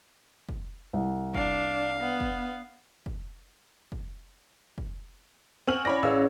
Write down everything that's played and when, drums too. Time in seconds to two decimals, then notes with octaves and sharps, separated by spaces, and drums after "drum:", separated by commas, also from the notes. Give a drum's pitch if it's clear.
0.49 drum: kick
0.93 C2
1.34 D4 F5, drum: kick
2.00 B3
2.20 drum: kick
3.06 drum: kick
3.92 drum: kick
4.78 drum: kick
5.67 C4 F#5 G#5 C#6 F6 F#7
5.85 C#4 E4 C#5 D5 B5 A#6
6.03 A1 G#4 C#5 F5 E6